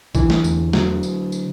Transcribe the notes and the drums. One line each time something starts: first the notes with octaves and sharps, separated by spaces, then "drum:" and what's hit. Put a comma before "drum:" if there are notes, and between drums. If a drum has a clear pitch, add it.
D3 E3, drum: kick A#1, tambourine
drum: snare
E2, drum: tambourine
D3 F#3, drum: snare
drum: tambourine
drum: tambourine